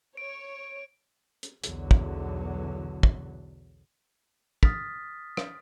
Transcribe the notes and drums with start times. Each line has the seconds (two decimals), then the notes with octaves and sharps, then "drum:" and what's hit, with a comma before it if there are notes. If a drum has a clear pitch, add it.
0.17 C#5 D7
1.43 drum: hi-hat
1.64 B1 E2 D3 F#3, drum: hi-hat
1.91 drum: kick
3.03 drum: kick
4.63 D#6 F6 A6 B6, drum: kick
5.37 drum: rim click